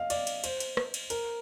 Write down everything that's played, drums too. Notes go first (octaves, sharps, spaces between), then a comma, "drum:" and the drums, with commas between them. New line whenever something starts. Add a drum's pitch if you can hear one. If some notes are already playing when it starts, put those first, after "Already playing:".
Already playing: D#5 F5
D5, drum: cymbal
drum: cymbal
C5, drum: cymbal
drum: cymbal
drum: rim click
drum: cymbal
A#4, drum: cymbal